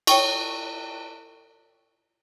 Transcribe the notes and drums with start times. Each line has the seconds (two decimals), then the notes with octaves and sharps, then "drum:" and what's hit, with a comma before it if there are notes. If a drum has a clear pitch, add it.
0.07 C#5 G5 C#6, drum: cymbal